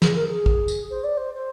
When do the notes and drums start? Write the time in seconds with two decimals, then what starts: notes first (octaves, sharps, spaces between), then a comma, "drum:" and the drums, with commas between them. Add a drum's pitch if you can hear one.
0.02 G#4, drum: snare
0.15 A#4
0.28 G#4
0.46 drum: kick
0.68 drum: tambourine
0.90 C5
1.04 D5
1.17 C5
1.34 C5